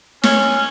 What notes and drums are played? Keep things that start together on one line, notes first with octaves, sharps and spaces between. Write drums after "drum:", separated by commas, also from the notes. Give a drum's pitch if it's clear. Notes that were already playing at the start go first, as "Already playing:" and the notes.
C#4, drum: snare